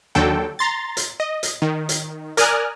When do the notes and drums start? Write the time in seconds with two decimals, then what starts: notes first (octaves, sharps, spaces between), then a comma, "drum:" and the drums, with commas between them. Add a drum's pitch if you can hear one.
0.15 D#2 D3 F#3 A4 G5
0.59 A#5 C6 A6
0.97 drum: hi-hat
1.20 D#5
1.43 drum: hi-hat
1.62 D#3
1.89 drum: hi-hat
2.37 A#4 D5 G#5 D#6 F6 F#6, drum: hi-hat